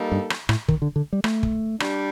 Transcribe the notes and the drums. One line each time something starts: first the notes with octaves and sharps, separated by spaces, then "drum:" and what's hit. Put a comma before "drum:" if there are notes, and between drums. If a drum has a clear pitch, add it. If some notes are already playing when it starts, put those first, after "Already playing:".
Already playing: G3 A#3 D#4 A4
G2
drum: rim click
A2, drum: rim click
D#3, drum: kick
D3
D3
G3
A3, drum: rim click
drum: kick
G3 D4, drum: rim click